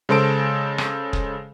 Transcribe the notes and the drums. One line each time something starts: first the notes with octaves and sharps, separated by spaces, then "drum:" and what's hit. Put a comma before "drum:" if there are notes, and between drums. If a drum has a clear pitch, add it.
C#3 G#3 A4 C5 A5 D7
drum: rim click
drum: kick